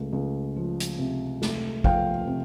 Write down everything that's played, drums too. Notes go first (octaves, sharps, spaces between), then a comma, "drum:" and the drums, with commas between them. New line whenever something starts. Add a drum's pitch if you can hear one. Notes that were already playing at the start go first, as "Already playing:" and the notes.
Already playing: C#2 A3
C#2
F3
drum: hi-hat
C3
A3, drum: snare
F3 F5 G5, drum: kick
C3